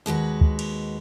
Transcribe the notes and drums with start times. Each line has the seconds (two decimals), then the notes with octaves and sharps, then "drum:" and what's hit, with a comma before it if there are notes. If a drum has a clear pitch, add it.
0.06 D#2 G#3 F#4 B4
0.41 drum: kick
0.59 drum: cymbal